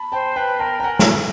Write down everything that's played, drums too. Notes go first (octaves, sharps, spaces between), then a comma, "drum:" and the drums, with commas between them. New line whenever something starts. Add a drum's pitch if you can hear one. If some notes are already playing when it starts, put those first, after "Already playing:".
Already playing: A5 B5
C5 G5 A5
B4 G5 A5
A#4 G5 A5
G5
A#4 F#5 G#5
drum: snare